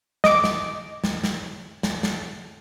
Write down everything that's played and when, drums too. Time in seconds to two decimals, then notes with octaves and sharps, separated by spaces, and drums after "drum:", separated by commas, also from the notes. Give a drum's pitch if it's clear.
0.24 D#5 D6, drum: snare
0.44 drum: snare
1.04 drum: snare
1.24 drum: snare
1.83 drum: snare
2.03 drum: snare